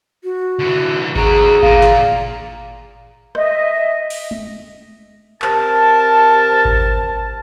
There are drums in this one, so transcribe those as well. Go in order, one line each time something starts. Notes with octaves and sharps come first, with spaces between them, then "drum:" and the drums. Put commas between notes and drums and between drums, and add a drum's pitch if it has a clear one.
F#4
D3 E3
D3 F#4 G#4 A#5, drum: kick G#1
A#2 F5, drum: kick G#1
drum: snare
D#5 E5, drum: rim click
drum: open hi-hat
drum: tom G#3
C3 A#4 A5, drum: clap
drum: kick G#1